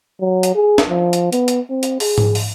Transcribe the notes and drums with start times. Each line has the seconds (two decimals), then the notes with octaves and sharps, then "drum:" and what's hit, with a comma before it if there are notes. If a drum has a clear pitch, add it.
0.21 F#3
0.43 drum: hi-hat
0.55 G#4
0.78 drum: snare
0.89 F3
1.13 drum: hi-hat
1.33 B3, drum: hi-hat
1.48 drum: hi-hat
1.70 C4
1.83 drum: hi-hat
2.00 G#4, drum: open hi-hat
2.18 drum: tom G#2
2.35 drum: open hi-hat